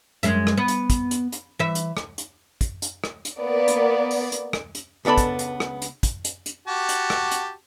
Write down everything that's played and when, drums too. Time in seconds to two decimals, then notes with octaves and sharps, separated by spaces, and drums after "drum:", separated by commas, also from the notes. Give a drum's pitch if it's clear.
0.23 F#2 G#3 E5, drum: hi-hat
0.47 drum: rim click
0.57 B3
0.68 drum: hi-hat
0.90 drum: kick, hi-hat
1.11 drum: hi-hat
1.32 drum: hi-hat
1.59 E3 E5
1.75 drum: hi-hat
1.97 drum: rim click
2.18 drum: hi-hat
2.61 drum: kick, hi-hat
2.82 drum: hi-hat
3.04 drum: rim click
3.25 drum: hi-hat
3.39 A#3 B3 D5
3.68 drum: hi-hat
4.11 drum: open hi-hat
4.32 drum: hi-hat
4.53 drum: rim click
4.75 drum: hi-hat
5.05 C#2 B3 D4 A4 B5
5.18 drum: kick, hi-hat
5.39 drum: hi-hat
5.60 drum: rim click
5.82 drum: hi-hat
6.03 drum: kick, hi-hat
6.25 drum: hi-hat
6.46 drum: hi-hat
6.67 F#4 G4 A5
6.89 drum: hi-hat
7.10 drum: rim click
7.31 drum: hi-hat